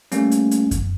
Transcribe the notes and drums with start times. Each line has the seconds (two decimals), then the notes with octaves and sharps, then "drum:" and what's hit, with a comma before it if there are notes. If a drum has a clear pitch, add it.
0.12 G3 A3 A#3 C#4, drum: hi-hat
0.31 drum: hi-hat
0.51 drum: hi-hat
0.71 drum: kick F#2, hi-hat